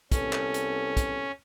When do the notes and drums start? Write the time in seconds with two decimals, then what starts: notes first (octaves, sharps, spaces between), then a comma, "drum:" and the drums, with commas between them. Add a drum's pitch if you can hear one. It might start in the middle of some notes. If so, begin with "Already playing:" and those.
0.12 C2 B3 C#4 A4, drum: kick, hi-hat
0.33 drum: clap
0.54 drum: hi-hat
0.97 drum: kick, hi-hat